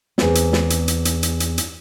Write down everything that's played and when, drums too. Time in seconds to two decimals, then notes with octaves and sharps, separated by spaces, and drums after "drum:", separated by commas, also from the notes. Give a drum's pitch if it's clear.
0.18 E2 C4, drum: snare
0.35 drum: hi-hat
0.53 drum: snare
0.70 drum: hi-hat
0.88 drum: hi-hat
1.05 drum: hi-hat
1.23 drum: hi-hat
1.40 drum: hi-hat
1.58 drum: hi-hat